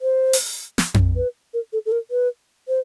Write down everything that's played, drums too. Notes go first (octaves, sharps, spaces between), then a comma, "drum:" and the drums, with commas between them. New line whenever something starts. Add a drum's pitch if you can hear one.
C5
drum: open hi-hat
drum: snare
drum: tom F2
B4
A#4
A4
A4
A#4
B4
C5